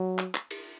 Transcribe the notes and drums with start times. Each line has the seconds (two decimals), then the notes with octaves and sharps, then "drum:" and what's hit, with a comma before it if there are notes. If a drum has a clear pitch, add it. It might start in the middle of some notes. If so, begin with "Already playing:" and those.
Already playing: F#3
0.19 drum: clap
0.35 drum: clap
0.51 drum: cymbal